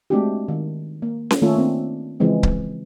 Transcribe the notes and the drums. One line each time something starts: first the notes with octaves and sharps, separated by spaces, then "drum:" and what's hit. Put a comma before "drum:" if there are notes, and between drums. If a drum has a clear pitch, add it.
G#3 A3 C4 D4 F#4 G4
D#3
A#3
drum: snare C#4
D#3 A3 A#3 C#4 F4 A4
A#3 C4 D4
C#3 E3 F3 G#3 C4
drum: kick C#1